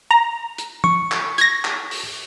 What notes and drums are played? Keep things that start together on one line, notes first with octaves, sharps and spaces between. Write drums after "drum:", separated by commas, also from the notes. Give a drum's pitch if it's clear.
A#5
drum: hi-hat
C#6, drum: tom
drum: clap
G#6 A#6, drum: hi-hat
drum: clap
drum: open hi-hat